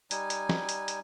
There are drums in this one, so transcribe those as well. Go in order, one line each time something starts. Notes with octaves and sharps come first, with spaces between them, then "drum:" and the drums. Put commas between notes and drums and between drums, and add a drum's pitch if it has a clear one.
G3 D#4 G#5, drum: hi-hat
drum: hi-hat
drum: snare
drum: hi-hat
drum: hi-hat